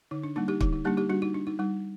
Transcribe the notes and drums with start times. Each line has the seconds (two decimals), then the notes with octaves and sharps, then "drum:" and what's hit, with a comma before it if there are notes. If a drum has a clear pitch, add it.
0.11 D3 D#4
0.23 D4
0.36 G3 A#3 D4 D#4
0.48 D#4 G4
0.61 D3 D#4, drum: kick
0.73 D#4
0.85 G3 A#3 D4 D#4 G4
0.97 D#4 G4
1.09 G3 D4 F#4
1.22 D#4
1.34 D4
1.47 D#4
1.59 G3 D#4